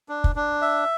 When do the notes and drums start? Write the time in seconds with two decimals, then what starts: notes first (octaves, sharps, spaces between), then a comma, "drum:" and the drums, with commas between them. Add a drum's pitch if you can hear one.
0.09 D4
0.24 drum: kick
0.36 D4
0.62 E5